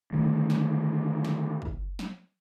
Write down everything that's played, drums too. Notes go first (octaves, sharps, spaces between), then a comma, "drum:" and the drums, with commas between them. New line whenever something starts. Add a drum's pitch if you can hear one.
D3 D#3 G3 A3
drum: snare
drum: snare
drum: kick
drum: snare